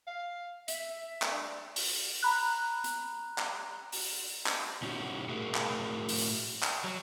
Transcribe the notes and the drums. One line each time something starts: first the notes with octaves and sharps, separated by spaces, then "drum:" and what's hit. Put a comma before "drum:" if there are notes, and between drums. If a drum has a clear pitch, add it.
F5
E5, drum: hi-hat
drum: clap
D4
drum: open hi-hat
A#5 B5 F#6
drum: hi-hat
drum: clap
drum: open hi-hat
drum: clap
A#2 C#4 D#4 E4 F#4 G4
A2 F#4 G#4 A#4 E5
drum: clap
drum: open hi-hat
drum: clap
F#3